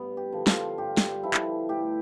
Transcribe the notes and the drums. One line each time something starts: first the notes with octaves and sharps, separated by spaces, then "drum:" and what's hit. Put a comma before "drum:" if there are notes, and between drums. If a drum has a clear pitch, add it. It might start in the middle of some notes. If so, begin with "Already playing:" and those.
Already playing: G2 B3
G4
D3 F3
F4, drum: snare
G2 G4
drum: snare
D3 F3 E4
drum: clap
A2 G4